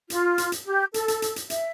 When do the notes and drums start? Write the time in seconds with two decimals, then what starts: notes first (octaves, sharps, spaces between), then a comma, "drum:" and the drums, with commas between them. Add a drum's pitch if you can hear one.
0.10 F4, drum: hi-hat
0.38 drum: hi-hat
0.52 drum: hi-hat
0.66 G4
0.94 A4, drum: hi-hat
1.08 drum: hi-hat
1.22 drum: hi-hat
1.36 drum: hi-hat
1.50 E5, drum: hi-hat